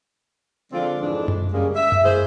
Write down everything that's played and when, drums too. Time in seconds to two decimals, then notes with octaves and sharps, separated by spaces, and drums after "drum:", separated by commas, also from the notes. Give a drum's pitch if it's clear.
0.72 D3 F3 G#3 C4 F4 D5
1.01 F2 G#2 E3 G#3 D4
1.28 drum: tom F#2
1.53 C#3 G3 G#3 A#3 C#4 G#4
1.76 E5
1.92 drum: tom F#2
2.04 G#3 A#3 E4 G#4 C5